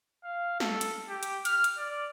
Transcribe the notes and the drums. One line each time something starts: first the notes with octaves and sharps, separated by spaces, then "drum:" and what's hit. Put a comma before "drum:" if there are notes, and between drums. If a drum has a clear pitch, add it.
F5
A4, drum: snare
drum: hi-hat
G4
drum: hi-hat
F6, drum: hi-hat
drum: hi-hat
D5